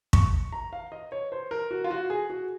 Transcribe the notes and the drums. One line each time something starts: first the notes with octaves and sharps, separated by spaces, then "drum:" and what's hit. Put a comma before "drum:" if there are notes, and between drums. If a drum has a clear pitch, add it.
C#6, drum: kick
A#5
F5
D#5
C#5
C5
A#4
F#4
F4
F#4
G#4
F#4